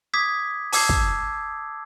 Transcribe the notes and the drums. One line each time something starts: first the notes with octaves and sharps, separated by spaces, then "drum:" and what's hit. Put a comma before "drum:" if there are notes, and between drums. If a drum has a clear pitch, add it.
D6 D#6 G#6 B6
A5 D6 E6 G#6 C7, drum: open hi-hat
drum: kick